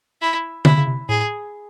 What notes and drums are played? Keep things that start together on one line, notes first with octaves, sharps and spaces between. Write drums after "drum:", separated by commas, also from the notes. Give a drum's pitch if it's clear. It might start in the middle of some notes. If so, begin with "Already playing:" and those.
E4
C3 E4, drum: tom D3
C#3
C3
A2 G#4